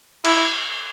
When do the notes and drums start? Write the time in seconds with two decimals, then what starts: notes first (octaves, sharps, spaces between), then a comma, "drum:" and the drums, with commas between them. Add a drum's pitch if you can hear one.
0.25 E4, drum: cymbal